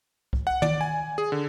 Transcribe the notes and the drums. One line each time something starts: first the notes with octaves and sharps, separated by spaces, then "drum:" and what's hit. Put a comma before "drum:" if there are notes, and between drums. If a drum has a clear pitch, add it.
drum: kick C2
F#5
D5, drum: tom
G#5
G#4
D3